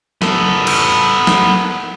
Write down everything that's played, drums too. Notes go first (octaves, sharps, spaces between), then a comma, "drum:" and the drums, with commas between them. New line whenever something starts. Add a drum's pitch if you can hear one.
B3 A4, drum: snare
drum: cymbal
drum: snare